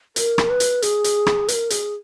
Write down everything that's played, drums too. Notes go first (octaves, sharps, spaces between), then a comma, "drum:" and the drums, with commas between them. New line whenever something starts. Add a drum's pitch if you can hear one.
A#4, drum: hi-hat
drum: rim click
B4
drum: hi-hat
G#4, drum: hi-hat
drum: hi-hat
drum: rim click
B4, drum: hi-hat
A#4
G#4, drum: hi-hat